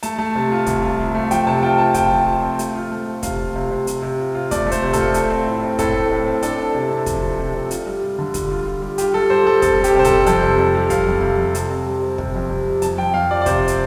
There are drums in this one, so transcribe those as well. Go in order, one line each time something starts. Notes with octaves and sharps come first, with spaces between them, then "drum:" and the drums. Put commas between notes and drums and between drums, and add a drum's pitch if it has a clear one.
A3 A5, drum: hi-hat
A3
C3
F4
C2, drum: kick, hi-hat
F4
C2
A3
F3 G5, drum: hi-hat
C3 A5
F4 G5
F4 A5
F4 G5, drum: kick, hi-hat
F3
F4
C4
A3, drum: hi-hat
F4
A3
A3
C3 F5, drum: kick, hi-hat
F4
C3
C3
C3, drum: hi-hat
C3
F4
F4
A3 D5, drum: kick, hi-hat
A3
C5, drum: hi-hat
C3
A4, drum: kick, hi-hat
F4
A3, drum: hi-hat
C4
A2
C4
A2 A4, drum: kick, hi-hat
A3
A2
C4
D4 A4, drum: hi-hat
D4
C3
C3
F3, drum: kick, hi-hat
F3
C3
C3
F4, drum: hi-hat
G3
F4
D3
G3, drum: kick, hi-hat
F4
F4
G3
F4 G4, drum: hi-hat
G3 A4
G3 C5
G3 A4
C4 A4, drum: kick, hi-hat
G3
G4, drum: hi-hat
C3 C5
A4, drum: kick, hi-hat
G3
F2 A4, drum: hi-hat
C3
C3
G3
C3 F5, drum: kick, hi-hat
F2
C3
F2
C3 A5, drum: hi-hat
C4
G3
C4
C3, drum: kick
F2
C3
G3
F2 A5, drum: hi-hat
F2 G5
F2 F5
F3 D5
D5
C3 C5, drum: kick, hi-hat
drum: hi-hat